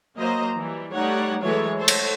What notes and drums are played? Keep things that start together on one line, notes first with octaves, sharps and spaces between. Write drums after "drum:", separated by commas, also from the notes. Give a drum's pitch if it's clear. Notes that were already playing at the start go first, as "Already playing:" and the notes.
F#3 A#3 C5 D#5 A#5
E3 G3
G3 A3 D#4 C#5 F#5
E3 F#3 G#3 A3 A4 C#5
A4 C5 C#5
drum: cymbal